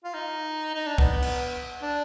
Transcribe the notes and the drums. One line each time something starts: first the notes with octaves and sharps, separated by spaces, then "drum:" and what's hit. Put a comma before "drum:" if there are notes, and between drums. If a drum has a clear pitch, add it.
F4
D#4
D#4
D4
B3, drum: kick
drum: cymbal
D4